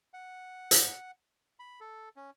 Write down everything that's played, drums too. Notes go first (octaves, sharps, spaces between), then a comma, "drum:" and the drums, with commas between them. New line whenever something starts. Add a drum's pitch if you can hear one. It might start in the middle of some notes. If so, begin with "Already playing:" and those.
F#5
drum: hi-hat
B5
A4
C#4